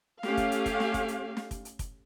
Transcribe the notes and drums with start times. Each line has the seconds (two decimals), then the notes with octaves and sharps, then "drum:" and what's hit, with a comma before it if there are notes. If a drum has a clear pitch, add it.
0.23 A3 C#4 G4 F5, drum: snare
0.37 drum: kick, hi-hat
0.52 drum: hi-hat
0.66 drum: kick, hi-hat
0.80 drum: snare
0.94 drum: kick, hi-hat
1.08 drum: hi-hat
1.37 drum: snare
1.51 drum: kick, hi-hat
1.65 drum: hi-hat
1.79 drum: kick, hi-hat